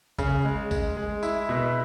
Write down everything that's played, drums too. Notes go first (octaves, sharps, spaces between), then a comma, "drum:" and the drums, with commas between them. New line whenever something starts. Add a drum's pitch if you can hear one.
C#3, drum: kick A1, tambourine
G#3
G#3, drum: kick A1, tambourine
G#3
E4, drum: tambourine
B2